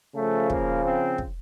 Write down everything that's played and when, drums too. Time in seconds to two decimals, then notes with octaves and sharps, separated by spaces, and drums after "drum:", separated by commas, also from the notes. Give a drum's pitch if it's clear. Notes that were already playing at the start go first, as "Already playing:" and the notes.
0.15 C#3 F3 A3
0.50 A#3, drum: kick
0.84 C4
1.18 drum: kick